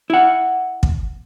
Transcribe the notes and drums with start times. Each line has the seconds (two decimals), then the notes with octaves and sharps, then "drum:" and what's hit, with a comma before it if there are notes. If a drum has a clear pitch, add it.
0.10 E4 F#5
0.83 drum: kick